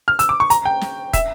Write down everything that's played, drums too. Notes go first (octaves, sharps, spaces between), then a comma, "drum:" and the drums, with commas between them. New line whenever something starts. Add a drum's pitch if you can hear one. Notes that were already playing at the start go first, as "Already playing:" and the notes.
F6
E6, drum: hi-hat
D6
C#6
A#5, drum: hi-hat
G5
drum: snare
E5, drum: kick, hi-hat